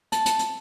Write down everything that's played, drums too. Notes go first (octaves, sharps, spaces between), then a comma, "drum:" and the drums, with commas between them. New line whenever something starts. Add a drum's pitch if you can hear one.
A5, drum: hi-hat
drum: hi-hat
drum: hi-hat